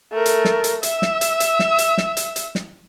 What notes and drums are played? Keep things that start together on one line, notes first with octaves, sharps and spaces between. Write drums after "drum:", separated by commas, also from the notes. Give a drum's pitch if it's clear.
A3 A#4
drum: hi-hat
drum: snare
drum: hi-hat
E5 E6, drum: hi-hat
drum: snare
drum: hi-hat
drum: hi-hat
drum: snare
drum: hi-hat
drum: snare
drum: hi-hat
drum: hi-hat
drum: snare